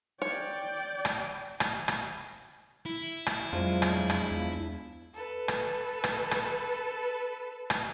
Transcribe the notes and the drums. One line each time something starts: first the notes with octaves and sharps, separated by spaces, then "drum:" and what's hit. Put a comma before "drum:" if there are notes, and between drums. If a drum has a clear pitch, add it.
C#5 D5 G5
drum: rim click
drum: rim click
drum: rim click
E4
drum: rim click
F2 F3 F#3 G#3 D4 F4
drum: rim click
drum: rim click
E2
A4 B4
drum: rim click
drum: rim click
drum: rim click
drum: rim click